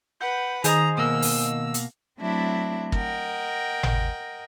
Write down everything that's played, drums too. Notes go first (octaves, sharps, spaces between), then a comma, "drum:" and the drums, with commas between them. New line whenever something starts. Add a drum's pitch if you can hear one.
B4 F#5 G6
D#3 G#4 C5 D#5 A#5 D#6, drum: hi-hat
B2 A#3 E6
drum: open hi-hat
drum: hi-hat
F#3 A3 C4 D4 E4 E5
A#4 D#5 F#5 G5, drum: kick
drum: tom G#1